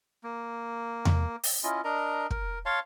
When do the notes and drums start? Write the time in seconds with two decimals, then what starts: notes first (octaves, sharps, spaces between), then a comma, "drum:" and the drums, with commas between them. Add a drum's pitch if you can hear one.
0.23 A#3
1.05 drum: tom E2
1.43 drum: open hi-hat
1.64 C#4 E4 F4 D#5
1.84 D4 A#4 D#5 A#5
2.30 A#4, drum: kick
2.66 C#5 F5 A5 C6